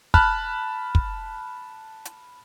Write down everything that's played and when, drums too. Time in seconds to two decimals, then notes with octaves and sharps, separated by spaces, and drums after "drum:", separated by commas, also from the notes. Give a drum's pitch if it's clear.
0.14 A5 B5 F6 F#6, drum: kick
0.95 drum: kick
2.05 drum: hi-hat